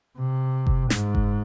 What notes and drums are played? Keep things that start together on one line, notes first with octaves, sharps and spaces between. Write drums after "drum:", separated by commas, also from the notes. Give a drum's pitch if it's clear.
C3
drum: kick F#1
G#2, drum: snare
drum: kick F#1